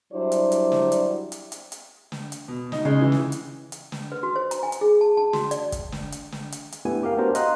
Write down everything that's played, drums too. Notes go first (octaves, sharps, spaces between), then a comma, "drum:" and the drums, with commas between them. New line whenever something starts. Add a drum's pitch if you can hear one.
F#3 G3 D4 E4 C5 D5
drum: hi-hat
drum: hi-hat
drum: snare
drum: hi-hat
drum: hi-hat
drum: hi-hat
drum: hi-hat
drum: snare
drum: hi-hat
B2
D#4, drum: snare
C#3 G#3 D#4
E3
drum: snare
drum: hi-hat
drum: hi-hat
drum: snare
B4
F#4
C5
A#5, drum: hi-hat
G#5
drum: hi-hat
G#4
A5
A5
F#4, drum: snare
D5, drum: hi-hat
drum: kick, hi-hat
drum: snare
drum: hi-hat
drum: snare
drum: hi-hat
drum: hi-hat
A3 B3 D4 E4 G4 G#5
G4 A#4 F5
B3 D4 F#4 G4 A#4 C5
D#5 F5 A#5 C6 F#6, drum: hi-hat